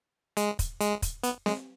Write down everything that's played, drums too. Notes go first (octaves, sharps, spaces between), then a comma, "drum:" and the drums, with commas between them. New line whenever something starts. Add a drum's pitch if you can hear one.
G#3, drum: hi-hat
drum: kick, hi-hat
G#3, drum: hi-hat
drum: kick, hi-hat
B3, drum: hi-hat
G#3, drum: snare C4